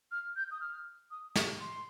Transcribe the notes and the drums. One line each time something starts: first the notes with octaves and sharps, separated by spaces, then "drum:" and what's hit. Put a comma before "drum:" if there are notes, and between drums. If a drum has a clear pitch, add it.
F6
G6
D#6
F6
D#6
C#6, drum: snare
C6